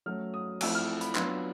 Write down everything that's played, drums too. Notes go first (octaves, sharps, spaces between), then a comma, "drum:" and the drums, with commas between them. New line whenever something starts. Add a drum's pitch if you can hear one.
F#3 A3 C#4 F6
D#6
F3 A3 C4 E4 E6, drum: cymbal
F6
B5, drum: hi-hat
F#3 B3 D4 F4 C6, drum: clap